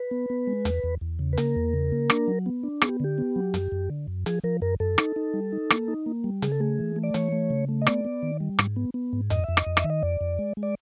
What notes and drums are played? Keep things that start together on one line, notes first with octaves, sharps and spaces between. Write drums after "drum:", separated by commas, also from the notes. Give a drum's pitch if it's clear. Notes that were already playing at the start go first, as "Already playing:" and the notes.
Already playing: B4
B3
B3
G#3
E2, drum: hi-hat
E2
E2
C#3
B4
A#3 A#4, drum: hi-hat
E2
C#3
A#3
D4, drum: rim click
F#3
B3
D4
B3 G#4, drum: rim click
G4
D3 G4
B3
F#3
F#2, drum: hi-hat
F#2
D3
F#2
F3 G#4, drum: hi-hat
F3 A#4
F#2 A#4
F#2 A4
D#4, drum: rim click
D#4
G3
D#4
A#3, drum: rim click
D#4
A#3
G3
C#3 G#4, drum: hi-hat
A4
A3 G#4
E3
A3
D5
E3 C#5, drum: hi-hat
A3
C#3
A3
D#5
B3 D5, drum: rim click
B3
D#3
G3
G#2, drum: rim click
B3
B3
G#2
F2 D#5, drum: hi-hat
F2 E5
D#5, drum: rim click
F2
E5, drum: rim click
D#3
D#5
F2 D5
F2
G#3
G#3
D5